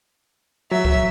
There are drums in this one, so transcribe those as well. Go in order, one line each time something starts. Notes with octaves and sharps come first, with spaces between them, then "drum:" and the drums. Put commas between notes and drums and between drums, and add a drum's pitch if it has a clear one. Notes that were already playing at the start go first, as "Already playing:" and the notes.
F#3 E5
drum: kick C#2